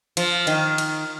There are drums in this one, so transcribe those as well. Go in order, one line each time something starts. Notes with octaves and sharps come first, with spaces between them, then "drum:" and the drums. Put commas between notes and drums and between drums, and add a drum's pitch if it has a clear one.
F3, drum: cymbal
D#3, drum: cymbal
drum: cymbal